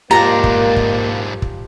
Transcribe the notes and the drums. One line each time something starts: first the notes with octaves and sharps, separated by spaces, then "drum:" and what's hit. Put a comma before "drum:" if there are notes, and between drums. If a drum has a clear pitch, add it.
G#2 A#3 D4 F4 G4 A#5
drum: kick
drum: kick
drum: kick